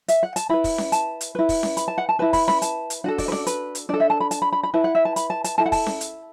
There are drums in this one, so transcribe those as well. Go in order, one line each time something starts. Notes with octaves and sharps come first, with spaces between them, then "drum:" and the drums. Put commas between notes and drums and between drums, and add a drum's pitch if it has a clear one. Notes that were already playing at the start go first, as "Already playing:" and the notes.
E5, drum: hi-hat
F#5
A5, drum: hi-hat
E4 B4 B5
drum: kick, open hi-hat
drum: snare C#4
A5, drum: hi-hat
drum: hi-hat
E4 B4
drum: kick, open hi-hat
drum: snare C#4
B5, drum: hi-hat
A5
F#5
A5
E4 B4 A5
B5, drum: kick, open hi-hat
B5, drum: snare C#4
A5, drum: hi-hat
drum: hi-hat
D4 F#4 A4 F#5
D5, drum: kick, open hi-hat
B4
D5, drum: snare C#4
B4, drum: hi-hat
drum: hi-hat
D4 A4 D5
E5
A5
B5
A5, drum: hi-hat
B5
B5
B5
E4 B4 A5
F#5
E5
A5
B5, drum: hi-hat
A5
A5, drum: hi-hat
E4 A4 A5
F#5
A5, drum: kick, open hi-hat
drum: snare C#4
drum: hi-hat